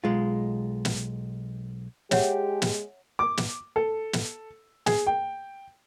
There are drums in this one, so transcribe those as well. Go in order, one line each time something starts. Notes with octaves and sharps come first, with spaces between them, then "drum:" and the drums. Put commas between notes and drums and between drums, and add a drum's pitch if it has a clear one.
B1 G#3 F4
drum: snare
G#3 G4 G#4 C#5 E5 F#5, drum: snare
drum: snare
D6
drum: snare
A4
drum: snare
G#4, drum: snare
G5